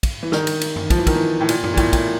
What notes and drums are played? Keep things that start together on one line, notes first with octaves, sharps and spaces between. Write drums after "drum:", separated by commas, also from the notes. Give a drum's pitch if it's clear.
drum: kick, cymbal
E3
D#3, drum: snare
drum: cymbal
drum: cymbal
drum: tom F#2
F3, drum: kick, cymbal
E3
D#3, drum: kick, cymbal
E3
A2
A#2, drum: cymbal
A#2, drum: tom F#2
A#2
A2, drum: kick, cymbal
A2, drum: kick, cymbal